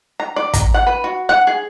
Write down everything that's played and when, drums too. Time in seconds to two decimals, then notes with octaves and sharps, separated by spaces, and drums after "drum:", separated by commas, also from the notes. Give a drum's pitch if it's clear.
0.20 A#5
0.36 D5
0.54 A#5, drum: kick, hi-hat
0.74 F#5
0.87 B4
1.04 F#4
1.29 F#5
1.47 G#4